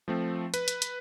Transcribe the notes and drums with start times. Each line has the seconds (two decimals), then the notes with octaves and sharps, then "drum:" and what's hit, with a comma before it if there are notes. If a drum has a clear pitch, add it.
0.08 F3 A3 C4
0.54 B4, drum: hi-hat
0.68 drum: hi-hat
0.82 drum: hi-hat